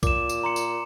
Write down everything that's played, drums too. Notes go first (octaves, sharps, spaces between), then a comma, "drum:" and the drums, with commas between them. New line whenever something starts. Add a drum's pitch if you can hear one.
A#2 D6 E7, drum: kick, tambourine
drum: tambourine
A#5 C6 C#7
drum: tambourine